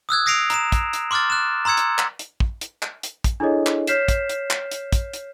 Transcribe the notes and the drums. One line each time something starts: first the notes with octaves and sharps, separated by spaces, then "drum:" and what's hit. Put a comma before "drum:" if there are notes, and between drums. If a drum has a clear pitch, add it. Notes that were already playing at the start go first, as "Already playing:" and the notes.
D#6 E6 F#6 G#6
D#6 A#6 C7 D7 F7
A#5 E7, drum: hi-hat
drum: kick, hi-hat
drum: hi-hat
C6 D6 F6 F#6 A6
F#6 E7
A#5 C6 E6 G#6 C#7
drum: hi-hat
drum: clap
drum: hi-hat
drum: kick
drum: hi-hat
drum: clap
drum: hi-hat
drum: kick, hi-hat
D4 E4 G#4 A4 C#5 D#5
drum: clap
C#5 F6 G6 B6 C7 E7, drum: hi-hat
drum: kick, hi-hat
drum: hi-hat
drum: clap
drum: hi-hat
drum: kick, hi-hat
drum: hi-hat